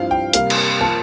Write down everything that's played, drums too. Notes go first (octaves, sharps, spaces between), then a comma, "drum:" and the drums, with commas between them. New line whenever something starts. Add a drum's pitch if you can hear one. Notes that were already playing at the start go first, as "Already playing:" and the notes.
Already playing: G2 F3 C4 E4 F5
G5
C3 G3 A#3 F5, drum: hi-hat
drum: cymbal
F3 A#3 F4 A5